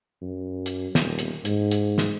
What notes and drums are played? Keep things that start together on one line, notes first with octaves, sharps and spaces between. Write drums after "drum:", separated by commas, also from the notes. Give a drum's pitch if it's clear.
F#2
drum: hi-hat
D#1, drum: snare
drum: hi-hat
G#2, drum: hi-hat
drum: hi-hat
drum: snare